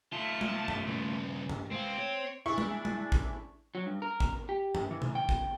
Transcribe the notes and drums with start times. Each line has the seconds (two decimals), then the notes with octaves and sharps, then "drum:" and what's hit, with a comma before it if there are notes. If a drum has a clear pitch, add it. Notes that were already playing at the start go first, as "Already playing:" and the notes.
0.13 A3 F4 A5
0.41 drum: tom G#3
0.68 drum: tom
0.87 G2 C#3
1.49 drum: tom
1.71 G#3 C4 F5
1.99 C#5
2.46 D4 E4 G#4 C#6
2.58 drum: tom G#3
2.85 drum: tom G#3
3.12 drum: kick A1
3.75 F#3
3.86 G2
4.02 A#4
4.20 drum: kick A1
4.49 G4
4.75 drum: tom
4.91 E3
5.02 drum: tom C3
5.15 G5
5.29 drum: kick A1